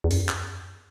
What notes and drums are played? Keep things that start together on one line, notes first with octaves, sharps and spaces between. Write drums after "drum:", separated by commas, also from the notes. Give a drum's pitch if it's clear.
E2
F#2, drum: open hi-hat
drum: clap